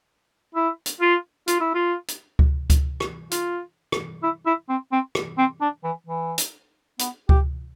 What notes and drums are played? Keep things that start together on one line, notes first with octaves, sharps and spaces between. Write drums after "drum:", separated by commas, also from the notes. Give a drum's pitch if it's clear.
E4
drum: hi-hat
F4
F4, drum: hi-hat
E4
F4
drum: hi-hat
drum: kick C#2
drum: kick C#2, hi-hat
drum: rim click
F4, drum: hi-hat
drum: rim click
E4
E4
C4
C4
drum: rim click
C4
D4
E3
E3
drum: hi-hat
B3, drum: hi-hat
G4, drum: kick C#2